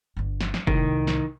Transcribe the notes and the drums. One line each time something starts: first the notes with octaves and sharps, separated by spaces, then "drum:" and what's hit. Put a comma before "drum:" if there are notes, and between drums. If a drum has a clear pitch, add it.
G1 D4
drum: snare
drum: snare
C2 A2 D#3, drum: kick
drum: snare